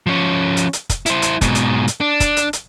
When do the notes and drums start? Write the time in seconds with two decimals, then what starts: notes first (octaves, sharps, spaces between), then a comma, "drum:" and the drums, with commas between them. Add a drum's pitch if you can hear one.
0.07 F3 C#4
0.57 drum: hi-hat
0.73 drum: hi-hat
0.89 drum: kick, hi-hat
1.06 E4 C5, drum: hi-hat
1.22 drum: hi-hat
1.41 G#2 B2, drum: kick, hi-hat
1.55 drum: hi-hat
1.88 drum: hi-hat
2.01 D4
2.20 drum: kick, hi-hat
2.37 drum: hi-hat
2.53 drum: hi-hat